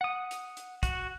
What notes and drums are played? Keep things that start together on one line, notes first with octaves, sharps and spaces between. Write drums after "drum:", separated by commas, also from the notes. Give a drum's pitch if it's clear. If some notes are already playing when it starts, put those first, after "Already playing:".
F#5 D#6
drum: hi-hat
drum: hi-hat
F#4, drum: kick, hi-hat